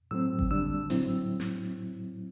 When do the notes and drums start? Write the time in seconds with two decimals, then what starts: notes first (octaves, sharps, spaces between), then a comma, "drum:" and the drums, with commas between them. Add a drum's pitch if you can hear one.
0.11 A2 F#3 C4 E6
0.39 drum: kick G#1
0.51 D3 G3 D4 E6
0.90 A2 F#3 C4 E4, drum: open hi-hat
1.40 drum: snare